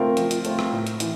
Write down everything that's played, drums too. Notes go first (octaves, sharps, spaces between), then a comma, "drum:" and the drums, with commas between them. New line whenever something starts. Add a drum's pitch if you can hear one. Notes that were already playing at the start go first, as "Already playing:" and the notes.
Already playing: A3 C4 F4 A#4
F3, drum: hi-hat
drum: hi-hat
A3 C4 F4, drum: hi-hat
drum: rim click
A2
drum: hi-hat
E3, drum: hi-hat